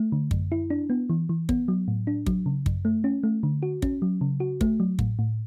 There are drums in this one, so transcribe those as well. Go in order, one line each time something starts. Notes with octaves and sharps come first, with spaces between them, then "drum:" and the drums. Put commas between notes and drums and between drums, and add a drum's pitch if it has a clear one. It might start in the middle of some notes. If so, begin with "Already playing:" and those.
Already playing: A3
D3
F#2, drum: kick
E4
D4
B3
E3
E3
B3, drum: kick
F#3
A2
D4
F#3, drum: kick
C#3
F#2, drum: kick
A3
C#4
A3
D3
F#4
C#4, drum: kick
F#3
C#3
F#4
A3, drum: kick
F#3
A2, drum: kick
A2